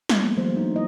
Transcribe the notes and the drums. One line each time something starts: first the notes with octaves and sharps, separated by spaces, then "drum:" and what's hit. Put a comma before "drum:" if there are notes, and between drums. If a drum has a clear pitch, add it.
drum: snare
G#3 A#3 B3
E3 F#3 A3 C5
D4 D#4
E4 D#5